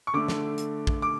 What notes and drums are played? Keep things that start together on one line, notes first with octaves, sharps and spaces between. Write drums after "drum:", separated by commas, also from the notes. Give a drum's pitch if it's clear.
C#6
D3 A3 D6
drum: snare
drum: hi-hat
drum: kick
D6